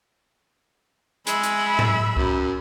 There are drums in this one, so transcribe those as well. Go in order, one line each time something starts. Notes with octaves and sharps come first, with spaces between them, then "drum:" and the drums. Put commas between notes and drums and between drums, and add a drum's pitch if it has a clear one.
G#3 E5 B5, drum: hi-hat
drum: hi-hat
drum: tom G#2
F#2, drum: kick C2